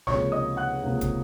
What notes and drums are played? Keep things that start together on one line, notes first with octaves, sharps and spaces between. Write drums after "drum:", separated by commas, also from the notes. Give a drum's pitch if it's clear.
C#2 C3 F3 A#3 C#5 C#6, drum: snare
D#5 D#6
F#5 F#6
C#2 C3 F3 A#3
drum: kick, hi-hat